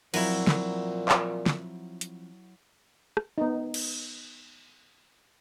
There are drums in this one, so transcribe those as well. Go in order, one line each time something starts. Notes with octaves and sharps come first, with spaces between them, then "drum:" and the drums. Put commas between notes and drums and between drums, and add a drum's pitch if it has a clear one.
A#2 F3 F#3 C4 E4, drum: cymbal
drum: snare
drum: clap
drum: snare
drum: hi-hat
drum: rim click
B3 D#4
drum: cymbal